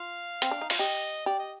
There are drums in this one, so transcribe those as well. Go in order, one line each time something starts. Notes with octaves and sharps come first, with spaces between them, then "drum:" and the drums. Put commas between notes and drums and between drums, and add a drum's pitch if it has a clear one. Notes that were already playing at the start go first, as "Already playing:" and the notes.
Already playing: F4 F5
C4, drum: hi-hat
D4
D#4
F4 F5, drum: open hi-hat
G4 D#5
G4 D5
D#5